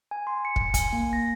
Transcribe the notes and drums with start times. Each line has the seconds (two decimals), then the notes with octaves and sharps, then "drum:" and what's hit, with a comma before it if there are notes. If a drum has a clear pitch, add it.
0.11 G#5
0.27 C6
0.45 C#7
0.56 drum: kick
0.74 G#5, drum: kick, hi-hat
0.93 A#3
1.13 A#6